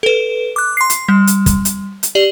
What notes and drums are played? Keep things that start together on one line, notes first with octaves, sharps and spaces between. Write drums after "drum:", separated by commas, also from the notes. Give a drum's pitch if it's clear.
A4 B4
D6 F#6
C6 C7
drum: hi-hat
G3
drum: hi-hat
drum: kick, hi-hat
drum: hi-hat
drum: hi-hat
G4 D5 F#7